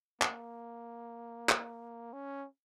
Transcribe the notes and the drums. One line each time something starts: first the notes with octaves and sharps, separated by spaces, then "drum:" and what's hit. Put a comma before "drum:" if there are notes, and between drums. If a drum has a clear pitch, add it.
A#3, drum: clap
drum: clap
C#4